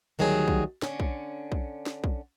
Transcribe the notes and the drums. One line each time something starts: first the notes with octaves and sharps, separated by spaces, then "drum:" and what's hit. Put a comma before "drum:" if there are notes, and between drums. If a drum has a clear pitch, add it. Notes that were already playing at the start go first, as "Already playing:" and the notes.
D2 D#3 F#3 G3 G#4
drum: kick B1
D3 C#4, drum: snare
drum: kick B1
drum: kick B1
drum: snare
drum: kick B1